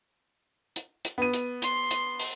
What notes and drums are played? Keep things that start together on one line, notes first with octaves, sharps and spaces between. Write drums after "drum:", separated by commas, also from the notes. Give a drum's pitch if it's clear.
drum: hi-hat
drum: hi-hat
B3 D#7
drum: hi-hat
C6, drum: hi-hat
drum: hi-hat
drum: open hi-hat